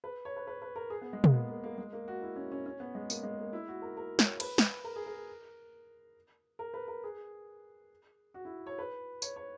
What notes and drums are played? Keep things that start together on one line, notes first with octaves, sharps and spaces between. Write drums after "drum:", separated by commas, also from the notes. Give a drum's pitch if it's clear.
B4
C#5
B4
B4
B4
A#4
G#4
B3
G#3
A#3, drum: tom
B3
A#3
A#3
G#3
A#3
F#4
E4
C#4
C#4
C#4
B3
G#3
A#3, drum: tambourine
G#3
A#3
E4
F#4
A#4
A#4
C#5, drum: snare
B4, drum: cymbal
drum: snare
A#4
G#4
A#4
A#4
B4
A#4
G#4
F#4
E4
C#5
B4
C#5, drum: tambourine
C#5